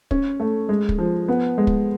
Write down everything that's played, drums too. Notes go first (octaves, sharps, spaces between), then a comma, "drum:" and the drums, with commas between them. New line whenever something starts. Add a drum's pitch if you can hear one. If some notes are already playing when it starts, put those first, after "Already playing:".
C#4, drum: kick
A3
G#3
drum: kick
F3
B3
G#3
drum: kick